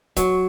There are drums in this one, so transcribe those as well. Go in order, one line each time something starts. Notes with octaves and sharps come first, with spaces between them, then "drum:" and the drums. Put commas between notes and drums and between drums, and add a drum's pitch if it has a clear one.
F#3, drum: kick, hi-hat